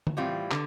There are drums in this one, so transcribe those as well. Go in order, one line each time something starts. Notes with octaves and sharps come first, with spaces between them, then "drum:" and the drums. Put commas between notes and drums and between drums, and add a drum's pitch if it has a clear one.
drum: tom
A2 E3 G3 C4 F4
D3, drum: clap